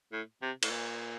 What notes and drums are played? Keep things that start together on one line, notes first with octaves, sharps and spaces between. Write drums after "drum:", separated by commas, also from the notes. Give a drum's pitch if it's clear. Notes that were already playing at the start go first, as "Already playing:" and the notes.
A2
C3
A2, drum: cymbal
A#2